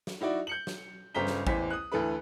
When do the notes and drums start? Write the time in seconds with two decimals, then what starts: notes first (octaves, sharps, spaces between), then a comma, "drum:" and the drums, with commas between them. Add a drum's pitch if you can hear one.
0.07 drum: snare
0.21 D#4 E4 F#4 D5
0.47 G6 C#7 F#7
0.67 drum: snare
1.14 G1 C#3 C5 A#5 B6 G7
1.27 drum: snare
1.47 A1 E2 C5 B6, drum: kick A1
1.70 D#6 F#6
1.92 D2 E3 A4 B4 B5